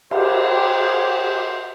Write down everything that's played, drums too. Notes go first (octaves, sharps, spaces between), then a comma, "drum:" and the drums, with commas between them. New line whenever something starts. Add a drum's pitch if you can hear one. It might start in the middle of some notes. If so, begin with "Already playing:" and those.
G4 G#4 C5, drum: cymbal